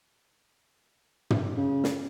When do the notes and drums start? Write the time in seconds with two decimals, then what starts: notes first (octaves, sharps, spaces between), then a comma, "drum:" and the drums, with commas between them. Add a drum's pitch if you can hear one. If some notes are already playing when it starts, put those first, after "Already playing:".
1.30 drum: tom
1.57 C#3
1.84 drum: snare